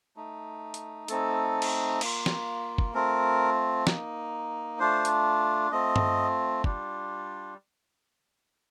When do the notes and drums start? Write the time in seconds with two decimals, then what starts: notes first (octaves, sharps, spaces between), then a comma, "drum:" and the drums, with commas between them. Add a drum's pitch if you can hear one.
0.16 A3 D#4
0.74 drum: hi-hat
1.08 A3 C4 D#4 A4, drum: hi-hat
1.62 drum: cymbal
2.01 A#3 F4, drum: cymbal
2.26 drum: snare
2.78 drum: kick
2.94 A3 C4 F4 A#4
3.87 A#3 D#4, drum: snare
4.79 A3 D4 F4 C5
5.05 drum: hi-hat
5.71 A3 C4 F4 D#5
5.96 drum: tom G2
6.64 G3 D4 F4, drum: kick